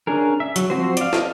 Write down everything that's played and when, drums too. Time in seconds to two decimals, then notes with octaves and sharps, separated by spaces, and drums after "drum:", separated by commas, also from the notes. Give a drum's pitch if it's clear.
0.07 C#4 D4 G#4 A#4
0.40 E5
0.56 F#3, drum: hi-hat
0.70 F3 C4 F#4 C5
0.97 D5 F5, drum: hi-hat
1.13 A4 D#5 F5 G#5 F6, drum: snare